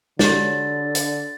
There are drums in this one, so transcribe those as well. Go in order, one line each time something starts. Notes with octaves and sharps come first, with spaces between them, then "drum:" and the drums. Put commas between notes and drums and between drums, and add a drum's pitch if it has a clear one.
D3 F#4 G4 C#5 A6, drum: snare
drum: hi-hat